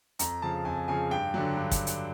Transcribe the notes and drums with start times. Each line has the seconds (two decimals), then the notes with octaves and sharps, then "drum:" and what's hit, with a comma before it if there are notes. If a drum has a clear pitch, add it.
0.19 F2 A#5, drum: hi-hat
0.42 C#3 F3 A5
0.65 F2 G#5
0.88 C#3 F3 G#5
1.11 G2 G5
1.34 D3 F#3
1.57 G2
1.71 drum: kick, hi-hat
1.87 drum: hi-hat